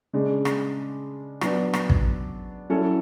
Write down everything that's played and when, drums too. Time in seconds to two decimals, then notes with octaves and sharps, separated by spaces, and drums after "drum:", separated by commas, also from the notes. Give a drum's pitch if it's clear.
0.13 C#3 G#3 D4
0.45 drum: rim click
1.41 F#3 B3 D4, drum: rim click
1.73 drum: rim click
1.90 drum: kick
2.70 F#3 C#4 E4 A4